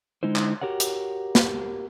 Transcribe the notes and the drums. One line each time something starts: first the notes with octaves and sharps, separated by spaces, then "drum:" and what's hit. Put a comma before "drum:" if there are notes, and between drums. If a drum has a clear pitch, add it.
D3 G#3 D#4 E4 C5
drum: clap
F#4 G4 A#4 C#5 F#5
drum: hi-hat
drum: snare